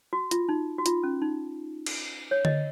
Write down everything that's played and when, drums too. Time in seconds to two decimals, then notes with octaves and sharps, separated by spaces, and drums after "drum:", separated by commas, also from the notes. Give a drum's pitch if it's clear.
0.13 F#4
0.31 F4, drum: hi-hat
0.49 D#4
0.78 F#4
0.86 F4, drum: hi-hat
1.03 C#4
1.22 D#4
1.86 drum: cymbal
2.31 C#5
2.45 D#5, drum: tom D3